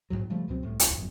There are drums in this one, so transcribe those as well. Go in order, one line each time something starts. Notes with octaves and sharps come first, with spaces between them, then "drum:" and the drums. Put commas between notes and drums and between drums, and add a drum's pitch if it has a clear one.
A#1 E2 G#2 F#3
C#3 F3 G3 A3
C#2 B2 F#3 C4
C2 A2
D#1 C#2, drum: hi-hat
G1 F#2